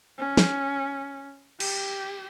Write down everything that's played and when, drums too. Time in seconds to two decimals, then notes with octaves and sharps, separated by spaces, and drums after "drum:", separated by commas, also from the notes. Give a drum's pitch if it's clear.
0.18 C#4
0.37 drum: snare
1.60 G4, drum: cymbal